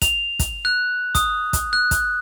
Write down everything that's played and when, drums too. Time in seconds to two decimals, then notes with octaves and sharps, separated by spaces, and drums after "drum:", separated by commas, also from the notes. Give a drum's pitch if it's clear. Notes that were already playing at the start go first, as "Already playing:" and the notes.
0.02 F7, drum: kick, hi-hat
0.39 drum: kick, hi-hat
0.65 F#6
1.15 D#6, drum: kick, hi-hat
1.53 drum: kick, hi-hat
1.73 F#6
1.91 drum: kick, hi-hat